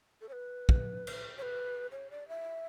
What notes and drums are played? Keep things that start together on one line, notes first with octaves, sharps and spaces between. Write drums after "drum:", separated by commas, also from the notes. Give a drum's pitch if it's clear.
A4
C#5
B4
drum: kick
drum: cymbal
C#5
B4
C#5
D5
E5